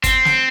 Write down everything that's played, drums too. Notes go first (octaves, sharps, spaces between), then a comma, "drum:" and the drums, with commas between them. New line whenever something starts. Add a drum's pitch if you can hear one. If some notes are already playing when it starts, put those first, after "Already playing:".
C4, drum: kick, hi-hat
drum: snare